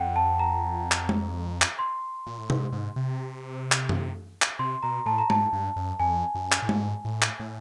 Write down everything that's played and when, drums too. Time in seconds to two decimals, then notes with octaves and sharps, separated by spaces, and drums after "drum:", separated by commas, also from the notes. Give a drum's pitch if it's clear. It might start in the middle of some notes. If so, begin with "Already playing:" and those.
Already playing: F2 F#5 G5
0.16 A5
0.39 A#5
0.92 drum: clap
1.09 drum: tom G#3
1.62 drum: clap
1.79 C6
2.27 A#2
2.38 A2
2.50 G#2, drum: tom C3
2.72 G#2
2.96 C3
3.72 drum: clap
3.89 drum: tom F#2
4.42 drum: clap
4.59 C3 C6
4.83 B2 A#5
5.06 A2 A5
5.18 A#5
5.30 G#2 A5, drum: tom G#3
5.53 G2
5.76 F#2
5.99 F2 G#5
6.35 F#2
6.52 drum: clap
6.62 A2
6.69 G#2, drum: tom G#3
7.05 A2
7.22 drum: clap
7.40 A2